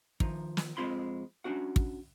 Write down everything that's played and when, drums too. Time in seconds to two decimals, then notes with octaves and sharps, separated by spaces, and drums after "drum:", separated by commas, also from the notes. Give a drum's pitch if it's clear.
0.20 D#3 F3 D#4, drum: kick
0.57 drum: snare
0.77 F2 G#3 C4 F4 B5 C6
1.44 C#4 D4 F#4 F#5
1.76 drum: kick